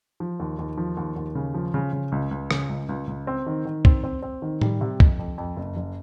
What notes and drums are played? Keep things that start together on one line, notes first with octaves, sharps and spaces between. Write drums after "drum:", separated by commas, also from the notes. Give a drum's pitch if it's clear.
F3
D#2
D#2
F3
D#2
D#2
C#3
F3
C#3
C#3
C#2
C#2
C#3, drum: rim click
C#2
C#2
C#2
C4
D#3
D#3
C4, drum: kick C2
C4
C4
D#3
G3, drum: tom A2
C3
F2, drum: kick C2
F2
F2
F#1
F#1